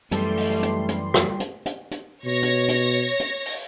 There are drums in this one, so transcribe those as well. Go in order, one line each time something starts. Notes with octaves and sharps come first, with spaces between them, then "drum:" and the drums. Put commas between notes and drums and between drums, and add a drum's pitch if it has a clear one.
F#2 E3 G3 A3 A4 C6, drum: hi-hat
drum: open hi-hat
drum: hi-hat
drum: hi-hat
drum: rim click
drum: hi-hat
drum: hi-hat
drum: hi-hat
B2 C#5 A#6
drum: hi-hat
drum: hi-hat
drum: hi-hat
drum: open hi-hat